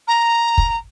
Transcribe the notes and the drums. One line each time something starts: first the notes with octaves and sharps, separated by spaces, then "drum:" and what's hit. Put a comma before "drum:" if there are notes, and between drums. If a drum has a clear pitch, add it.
A#5
drum: kick